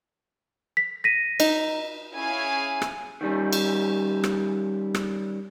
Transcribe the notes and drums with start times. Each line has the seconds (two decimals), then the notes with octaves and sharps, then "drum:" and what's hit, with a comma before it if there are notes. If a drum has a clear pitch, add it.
0.77 B6
1.04 A#6 B6 D#7
1.40 D#4, drum: cymbal
2.14 C#4 E4 G#4 F5 G#5
2.82 drum: rim click
3.21 D#3 G3 C#4
3.53 drum: cymbal
4.24 drum: rim click
4.94 drum: rim click